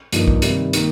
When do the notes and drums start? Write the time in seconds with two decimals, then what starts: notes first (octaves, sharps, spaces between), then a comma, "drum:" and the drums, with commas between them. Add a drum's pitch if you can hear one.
0.12 G2 F3 A#3 D#4, drum: hi-hat
0.27 drum: kick
0.42 C3 D#3 G3, drum: hi-hat
0.73 D#3 A#3, drum: hi-hat